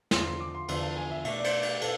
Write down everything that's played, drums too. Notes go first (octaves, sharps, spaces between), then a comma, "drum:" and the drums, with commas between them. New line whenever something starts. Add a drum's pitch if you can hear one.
E2 D3 F3 C6, drum: snare
C6
D6
C6
E2 D3 F3 C6, drum: cymbal
A5
G#5
E5
B2 A3 D4 E5, drum: cymbal
D5
C5, drum: cymbal
drum: cymbal
B2 A4, drum: cymbal